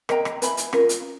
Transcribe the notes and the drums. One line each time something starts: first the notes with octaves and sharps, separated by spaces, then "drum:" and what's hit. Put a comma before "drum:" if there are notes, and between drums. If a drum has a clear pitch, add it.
A#4 D#5 G5 A#5, drum: rim click
drum: rim click
B4 E5 G#5 B5, drum: hi-hat
drum: hi-hat
C#4 F4 A#4, drum: rim click
drum: hi-hat